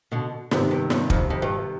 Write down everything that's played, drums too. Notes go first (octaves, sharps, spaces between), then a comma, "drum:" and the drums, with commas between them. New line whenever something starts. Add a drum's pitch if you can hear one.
B2 D3
G#2 C3 D#3 B3, drum: snare
G2
G2, drum: snare
F2, drum: kick
F2
G2